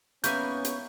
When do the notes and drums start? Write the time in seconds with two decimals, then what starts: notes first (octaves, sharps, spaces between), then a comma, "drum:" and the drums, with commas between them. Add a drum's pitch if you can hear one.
0.24 G#1 A#3 B3 C#4 E4 G#5 C#6 G6, drum: hi-hat
0.65 drum: hi-hat